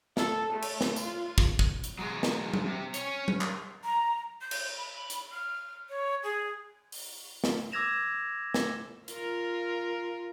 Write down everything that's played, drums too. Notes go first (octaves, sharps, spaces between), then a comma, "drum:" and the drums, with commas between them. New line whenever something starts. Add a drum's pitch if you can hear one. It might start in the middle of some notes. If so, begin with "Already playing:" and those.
A4, drum: snare
A3
drum: cymbal
drum: snare
F4, drum: tambourine
drum: kick
drum: kick
drum: hi-hat
F#3 G#3
drum: snare
drum: tom F#3
C3
C#4 C#5, drum: hi-hat
drum: tom F#3
drum: clap
A#5
G6
drum: cymbal
B5
drum: hi-hat
F6
C#5
G#4
drum: open hi-hat
drum: snare
D6 E6 G#6 A#6 E7 F7
drum: snare
F4 A#4, drum: hi-hat